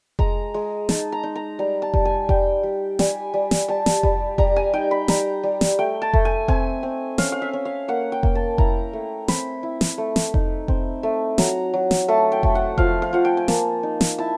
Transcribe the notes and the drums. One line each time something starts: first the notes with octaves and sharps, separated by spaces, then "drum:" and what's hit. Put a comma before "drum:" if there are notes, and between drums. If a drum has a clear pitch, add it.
G#3 A#5, drum: kick F1
G#3
D#4 A5, drum: snare
A#5
D#4
A#5
G3 A#5
A5
G3, drum: kick F1
G#5
G3 G5, drum: kick F1
G3
G3 G#5, drum: snare
G3
drum: snare
G3 A5
drum: snare
G3, drum: kick F1
G3 A#5, drum: kick F1
G#5
D#4 G5
B5
G3 A#5, drum: snare
G3
drum: snare
A3 G5
A5
A3, drum: kick F1
G#5
C4 G#5, drum: kick F1
C4
C#4 F5, drum: snare
F5
E5
C#4
F5
A#3 F#5
G5
A#3, drum: kick F1
A5
E4 A#5, drum: kick F1
A3
C4 B5, drum: snare
E4
drum: snare
A3
drum: snare
D#4, drum: kick F1
C4, drum: kick F1
A3
F#3 A#5, drum: snare
F#3
drum: snare
A3 A5
G5
A3, drum: kick F1
F#5
F3 F5, drum: kick F1
F5
F3 F#5
G5
G#5
A#3 A5, drum: snare
D#4
drum: snare
E4 A5